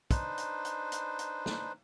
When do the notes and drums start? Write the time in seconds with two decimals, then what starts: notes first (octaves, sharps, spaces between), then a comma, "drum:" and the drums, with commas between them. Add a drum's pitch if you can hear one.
0.11 D4 D#4 B4 C5, drum: kick, hi-hat
0.38 drum: hi-hat
0.65 drum: hi-hat
0.92 drum: hi-hat
1.19 drum: hi-hat
1.46 drum: snare